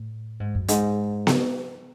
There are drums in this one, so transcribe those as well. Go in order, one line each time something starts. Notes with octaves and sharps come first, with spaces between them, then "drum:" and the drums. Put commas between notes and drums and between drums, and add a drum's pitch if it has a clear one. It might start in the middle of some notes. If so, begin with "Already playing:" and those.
Already playing: A2
G#2
F#2
G#2, drum: hi-hat
drum: snare B3